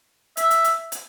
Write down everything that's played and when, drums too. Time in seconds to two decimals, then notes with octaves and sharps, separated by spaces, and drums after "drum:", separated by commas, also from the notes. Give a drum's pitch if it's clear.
0.37 E5, drum: hi-hat
0.51 drum: hi-hat
0.64 drum: hi-hat
0.92 drum: hi-hat